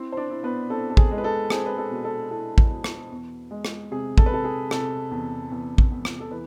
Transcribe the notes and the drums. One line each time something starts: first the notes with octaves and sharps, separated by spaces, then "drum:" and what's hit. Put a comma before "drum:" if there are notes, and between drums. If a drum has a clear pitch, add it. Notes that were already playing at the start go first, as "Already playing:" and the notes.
Already playing: C4 E4 C5
C5
D4 D5
E4
B3 B4
C4 A4
A4
G#4, drum: kick
G#3
B4
A4
C4 G#4, drum: rim click
B4
A4
B2
A4
E4 A4
drum: kick
B2
drum: rim click
E2
G#3
drum: rim click
C3 G#4
A4, drum: kick
B4
C3 A4
G#4
C3 A4, drum: rim click
E2
E2
drum: kick
E2
drum: rim click
A4
E3 B4